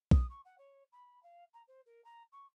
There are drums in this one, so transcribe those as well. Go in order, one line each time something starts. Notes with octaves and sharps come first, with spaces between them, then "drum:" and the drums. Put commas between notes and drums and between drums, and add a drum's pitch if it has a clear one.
D#6, drum: kick
C#6
F#5
C#5
B5
F5
A#5
C5
A#4
A#5
C#6